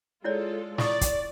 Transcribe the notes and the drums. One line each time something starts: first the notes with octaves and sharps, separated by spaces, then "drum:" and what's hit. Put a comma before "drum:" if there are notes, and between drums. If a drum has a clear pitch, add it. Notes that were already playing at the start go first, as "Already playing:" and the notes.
G#3 E4 F4 A4 C#5 D5
E4 D5 C#6 D#6, drum: snare
drum: kick, hi-hat